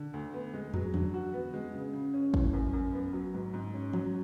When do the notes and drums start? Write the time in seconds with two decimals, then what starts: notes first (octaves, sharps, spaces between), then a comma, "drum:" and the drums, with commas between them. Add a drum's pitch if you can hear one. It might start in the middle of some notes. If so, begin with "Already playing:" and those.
Already playing: D3
0.13 D2
0.34 B3
0.54 G#3
0.74 F#3, drum: tom
0.94 D3, drum: tom E3
1.14 F#4
1.33 B3
1.54 G#3
1.74 C#3
1.93 C#3
2.14 C#4
2.34 E3, drum: kick
2.53 F#2
2.73 F#2
2.93 B3
3.13 F#3
3.34 G#2
3.53 G#2
3.74 C#4
3.93 F#3, drum: tom E3